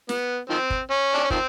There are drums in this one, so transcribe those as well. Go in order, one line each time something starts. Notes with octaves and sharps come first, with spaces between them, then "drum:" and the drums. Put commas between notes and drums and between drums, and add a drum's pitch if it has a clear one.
B3, drum: snare
D#3 F3 C4
drum: kick
C#4
D4
C#4
D#3 F3 C4, drum: kick